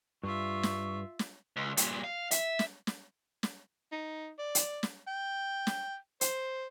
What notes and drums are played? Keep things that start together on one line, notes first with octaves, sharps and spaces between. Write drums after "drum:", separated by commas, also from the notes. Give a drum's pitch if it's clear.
G2 F4 E5 C#6
drum: snare
drum: snare
C#2
G2 A#2, drum: hi-hat
F5
E5, drum: hi-hat
drum: snare
drum: snare
drum: snare
D#4
D5
drum: hi-hat
drum: snare
G5
drum: snare
C5, drum: hi-hat